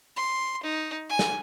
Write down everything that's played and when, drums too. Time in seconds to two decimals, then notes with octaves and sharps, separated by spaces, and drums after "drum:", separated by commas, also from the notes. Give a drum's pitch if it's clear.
0.16 C6
0.63 D#4
1.09 G#5
1.19 drum: snare